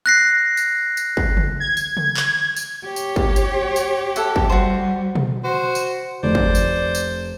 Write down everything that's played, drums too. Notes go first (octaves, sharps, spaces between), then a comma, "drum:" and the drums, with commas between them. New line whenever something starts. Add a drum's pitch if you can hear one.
F#6 A#6 C7
drum: tambourine
drum: tambourine
drum: kick
drum: tom C#3
G#6
drum: tambourine
drum: tom C#3
drum: clap
drum: tambourine
G4 C#5
drum: tambourine
drum: kick
drum: tambourine
drum: tambourine
A4 E5 F#5, drum: tambourine
drum: kick
G3 F#4 C5
drum: tom B2
F#4 C5
drum: tambourine
F1 C5 D5
drum: kick
drum: tambourine
drum: tambourine